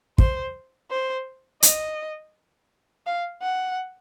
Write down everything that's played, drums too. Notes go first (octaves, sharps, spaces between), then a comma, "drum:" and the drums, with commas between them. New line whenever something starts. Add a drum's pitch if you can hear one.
C5, drum: kick
C5
D#5, drum: hi-hat
F5
F#5